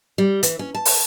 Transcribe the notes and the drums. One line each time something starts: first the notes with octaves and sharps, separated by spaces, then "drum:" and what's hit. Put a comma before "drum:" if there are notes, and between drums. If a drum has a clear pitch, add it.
G3
E3, drum: hi-hat
C#4
A5
drum: open hi-hat